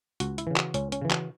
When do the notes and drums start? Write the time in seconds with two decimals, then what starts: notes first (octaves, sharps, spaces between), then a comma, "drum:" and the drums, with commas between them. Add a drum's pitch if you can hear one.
0.20 C#2 F#4, drum: hi-hat
0.38 E4, drum: hi-hat
0.47 C#3 E3
0.56 F#4, drum: clap
0.74 C#2 C#4, drum: hi-hat
0.92 C#4, drum: hi-hat
1.02 C#3 E3
1.10 F#4, drum: clap